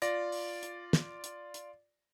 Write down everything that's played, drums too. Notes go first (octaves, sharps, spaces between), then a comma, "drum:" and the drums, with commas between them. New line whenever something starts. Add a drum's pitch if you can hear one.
F4 D5 A#6, drum: hi-hat
drum: open hi-hat
drum: hi-hat
drum: snare
drum: hi-hat
drum: hi-hat